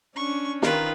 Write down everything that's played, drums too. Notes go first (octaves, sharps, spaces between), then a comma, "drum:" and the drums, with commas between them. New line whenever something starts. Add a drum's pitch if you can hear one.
C#4 D4 C#6
D#3 F4 B4, drum: snare